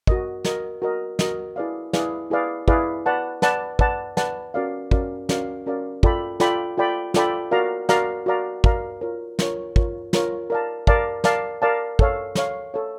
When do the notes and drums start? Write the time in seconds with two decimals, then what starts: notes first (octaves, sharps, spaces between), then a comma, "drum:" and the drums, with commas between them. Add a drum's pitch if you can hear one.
0.07 F#4 A#4 D#5, drum: kick
0.44 F#4 A#4 D#5, drum: snare
0.82 F#4 A#4 D#5
1.19 F#4 A#4 D#5, drum: snare
1.56 E4 G#4 B4 D5 F5
1.93 E4 G#4 B4 D5 F5, drum: snare
2.30 E4 G#4 B4 D5 F5
2.68 E4 G#4 B4 D5 F5, drum: kick
3.06 B4 D5 F#5 A5
3.42 B4 D5 F#5 A5, drum: snare
3.79 B4 D5 F#5 A5, drum: kick
4.17 B4 D5 F#5 A5, drum: snare
4.54 C#4 F#4 A#4 D5 F5
4.91 C#4 F#4 A#4 D5 F5, drum: kick
5.29 C#4 F#4 A#4 D5 F5, drum: snare
5.66 C#4 F#4 A#4 D5 F5
6.03 F4 A4 D5 G5 B5, drum: kick
6.40 F4 A4 D5 G5 B5, drum: snare
6.78 F4 A4 D5 G5 B5
7.14 F4 A4 D5 G5 B5, drum: snare
7.51 F#4 A#4 D5 F5 A#5
7.89 F#4 A#4 D5 F5 A#5, drum: snare
8.26 F#4 A#4 D5 F5 A#5
8.64 F#4 A#4 D5 F5 A#5, drum: kick
9.01 F4 A#4 C#5
9.39 F4 A#4 C#5, drum: snare
9.76 F4 A#4 C#5, drum: kick
10.13 F4 A#4 C#5, drum: snare
10.50 A#4 D5 F5 A5
10.87 A#4 D5 F5 A5, drum: kick
11.24 A#4 D5 F5 A5, drum: snare
11.62 A#4 D5 F5 A5
11.99 A4 C#5 F5, drum: kick
12.35 A4 C#5 F5, drum: snare
12.74 A4 C#5 F5